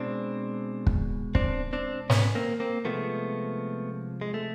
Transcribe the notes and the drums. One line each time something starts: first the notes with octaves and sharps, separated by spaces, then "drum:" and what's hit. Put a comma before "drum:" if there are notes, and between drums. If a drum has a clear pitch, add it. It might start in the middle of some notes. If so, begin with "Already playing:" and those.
Already playing: B2 G#3 C4 D4
drum: kick
C4 D4, drum: kick
C4 D4
B3 C#4, drum: snare
A#3 C4
A#3 C4
C3 F3 G#3 A3 B3
G#3
A3